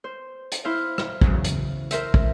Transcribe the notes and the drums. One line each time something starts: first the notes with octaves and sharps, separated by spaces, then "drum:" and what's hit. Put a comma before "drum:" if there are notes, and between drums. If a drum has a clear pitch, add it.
C5
drum: hi-hat
E4 C5 F5
drum: rim click
E2 C#3 F#3, drum: kick
drum: hi-hat
A#4 C5 E5, drum: hi-hat
drum: kick